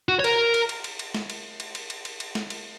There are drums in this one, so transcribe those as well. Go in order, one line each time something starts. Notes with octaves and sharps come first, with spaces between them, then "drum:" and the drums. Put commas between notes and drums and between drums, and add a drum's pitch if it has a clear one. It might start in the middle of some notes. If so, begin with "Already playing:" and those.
F#4
C#5
A#4, drum: cymbal
drum: cymbal
drum: cymbal
drum: cymbal
drum: cymbal
drum: snare
drum: cymbal
drum: cymbal
drum: cymbal
drum: cymbal
drum: cymbal
drum: cymbal
drum: snare
drum: cymbal